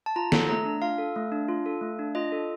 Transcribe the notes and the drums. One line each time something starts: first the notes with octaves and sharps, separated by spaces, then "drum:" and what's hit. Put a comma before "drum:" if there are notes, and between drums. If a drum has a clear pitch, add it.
A5
F4 A#5
A4, drum: snare
A3 A#5
D4
F4 F5
A4
A3
D4
F4
A4
A3
D4
F4 D#5
A4